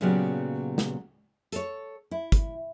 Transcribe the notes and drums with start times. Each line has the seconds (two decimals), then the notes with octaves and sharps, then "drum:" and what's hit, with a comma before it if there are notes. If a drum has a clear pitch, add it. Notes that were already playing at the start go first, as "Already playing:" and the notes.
0.01 A#2 C#3 F#3 B3 G4
0.78 drum: snare
1.52 A4 C#5, drum: hi-hat
2.11 E4
2.32 drum: kick, hi-hat